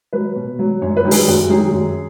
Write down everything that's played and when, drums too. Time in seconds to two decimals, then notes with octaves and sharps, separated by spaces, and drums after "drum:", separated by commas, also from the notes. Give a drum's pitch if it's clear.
0.13 F#3 B4
0.36 B2
0.59 F#3
0.82 F#2 C#5
0.97 B4
1.05 D#3 F#3
1.11 G#4, drum: open hi-hat
1.28 F#2 F#4
1.49 D#3 F#3 G#4
1.72 F#2